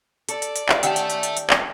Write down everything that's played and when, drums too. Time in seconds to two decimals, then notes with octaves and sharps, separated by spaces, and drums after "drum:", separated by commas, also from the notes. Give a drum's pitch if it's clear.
0.29 A4 D5, drum: hi-hat
0.42 drum: hi-hat
0.56 drum: hi-hat
0.69 drum: clap
0.83 D#3 C#4 G4 E5 F#5 G5 A5, drum: hi-hat
0.96 drum: hi-hat
1.10 drum: hi-hat
1.23 drum: hi-hat
1.37 drum: hi-hat
1.50 drum: clap